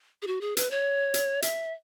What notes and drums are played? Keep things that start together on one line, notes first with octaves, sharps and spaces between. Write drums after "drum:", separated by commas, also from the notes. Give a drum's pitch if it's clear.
G#4
F#4
G#4
B4, drum: hi-hat
C#5
drum: hi-hat
E5, drum: hi-hat